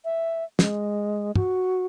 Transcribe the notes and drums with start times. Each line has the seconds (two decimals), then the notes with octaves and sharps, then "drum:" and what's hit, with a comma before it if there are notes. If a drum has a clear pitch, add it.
0.05 E5
0.59 G#3, drum: snare
1.36 F#4, drum: tom